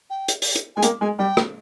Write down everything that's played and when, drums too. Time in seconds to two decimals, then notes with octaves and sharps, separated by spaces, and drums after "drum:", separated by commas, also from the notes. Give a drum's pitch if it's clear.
0.10 G5
0.28 drum: hi-hat
0.42 drum: open hi-hat
0.56 drum: hi-hat
0.76 G#3 G#5
0.83 A#3 G5, drum: hi-hat
1.01 G#3 G#5
1.19 G3 G5
1.37 drum: rim click